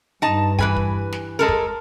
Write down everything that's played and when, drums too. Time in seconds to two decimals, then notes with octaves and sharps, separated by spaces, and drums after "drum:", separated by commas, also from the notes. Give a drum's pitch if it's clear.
0.22 G2 D#4 A5
0.59 E3 B4 G#5, drum: kick
0.77 drum: kick
1.12 drum: snare
1.39 G#3 A4 A#4
1.48 drum: kick